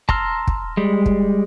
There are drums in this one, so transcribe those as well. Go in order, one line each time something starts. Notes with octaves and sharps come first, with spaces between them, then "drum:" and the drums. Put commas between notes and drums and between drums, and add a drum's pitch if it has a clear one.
A5 A#5 C6 E6 F6, drum: kick
drum: kick
G3 G#3
drum: kick